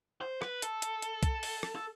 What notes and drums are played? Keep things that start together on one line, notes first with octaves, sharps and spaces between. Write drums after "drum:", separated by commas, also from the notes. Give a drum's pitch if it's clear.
C5
B4, drum: rim click
A4, drum: hi-hat
drum: hi-hat
drum: hi-hat
drum: kick, hi-hat
drum: open hi-hat
drum: rim click
A4